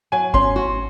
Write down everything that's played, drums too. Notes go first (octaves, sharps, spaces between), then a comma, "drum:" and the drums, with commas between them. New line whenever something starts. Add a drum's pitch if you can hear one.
F#3 G#5
C#4 C6, drum: kick G#1
F#4